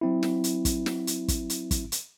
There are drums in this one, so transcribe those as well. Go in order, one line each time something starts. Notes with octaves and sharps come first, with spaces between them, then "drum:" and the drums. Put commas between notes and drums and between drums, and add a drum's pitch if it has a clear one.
F#3 C4 E4
drum: snare
drum: hi-hat
drum: kick, hi-hat
drum: snare
drum: hi-hat
drum: kick, hi-hat
drum: hi-hat
drum: kick, hi-hat
drum: hi-hat